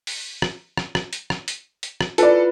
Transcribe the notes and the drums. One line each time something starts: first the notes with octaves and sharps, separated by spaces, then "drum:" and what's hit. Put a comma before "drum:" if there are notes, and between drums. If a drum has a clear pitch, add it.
drum: open hi-hat
drum: rim click
drum: rim click
drum: rim click
drum: hi-hat
drum: rim click
drum: hi-hat
drum: hi-hat
drum: rim click
E4 F4 A4 B4 D5, drum: hi-hat